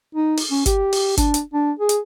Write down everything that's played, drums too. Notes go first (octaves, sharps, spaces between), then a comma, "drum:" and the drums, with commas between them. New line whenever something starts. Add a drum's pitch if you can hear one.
D#4
drum: open hi-hat
C#4
G4, drum: kick G1, hi-hat
drum: open hi-hat
D4, drum: kick G1, hi-hat
drum: hi-hat
D4
G#4
drum: hi-hat